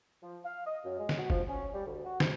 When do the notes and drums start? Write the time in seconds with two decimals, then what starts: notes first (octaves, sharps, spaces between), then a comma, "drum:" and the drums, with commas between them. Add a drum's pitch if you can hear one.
0.22 F3
0.45 F5
0.66 D#5
0.85 F#2
0.99 G#3
1.09 drum: snare
1.18 F#4
1.30 F3, drum: kick G1
1.48 C#4
1.74 G3
1.86 D2
2.04 F#4
2.20 G#2, drum: snare